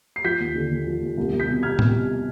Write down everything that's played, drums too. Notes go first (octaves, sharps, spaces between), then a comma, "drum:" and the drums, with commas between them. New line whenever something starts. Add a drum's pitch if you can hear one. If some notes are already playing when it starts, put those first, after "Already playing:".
C7
F3 G6 B6
D#2
D3
D#2
F3
D#2
C2
C2
G6 B6
B2
B2 F6 G#6
C2, drum: tom A2
C2